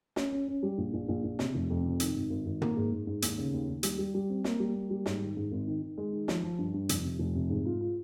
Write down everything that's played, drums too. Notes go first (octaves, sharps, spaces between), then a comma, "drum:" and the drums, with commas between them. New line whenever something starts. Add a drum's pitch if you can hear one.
C#4, drum: snare
C#4
C#4
G3
A#1
A#1
A#1
A#1
C3, drum: snare
F1
F2
C3
D#3, drum: hi-hat
G#1
G#1
G#1
A#3, drum: tom
G#2
G#2
G#2
D#2, drum: hi-hat
C#3
D#2
D#2
G3, drum: hi-hat
G3
G3
C4
A#3, drum: snare
G3
A#3
G3
G#2, drum: snare
D#3
G#2
G#1
D#3
D#3
G#3
D#3
F3, drum: snare
F3
G2
G2
F1, drum: hi-hat
C3
F1
C3
G#2
F4
F4